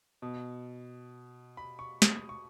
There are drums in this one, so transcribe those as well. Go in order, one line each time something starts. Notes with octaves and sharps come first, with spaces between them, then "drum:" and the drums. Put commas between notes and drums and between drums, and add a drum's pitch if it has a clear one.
B2
B5
C#6
D#6, drum: snare
D#6
C#6